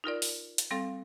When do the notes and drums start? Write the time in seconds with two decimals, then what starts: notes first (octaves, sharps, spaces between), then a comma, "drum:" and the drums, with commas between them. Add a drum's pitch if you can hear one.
0.04 D#4 F4 A#4 D5
0.22 drum: open hi-hat
0.58 drum: hi-hat
0.71 G3 C4 A4 F5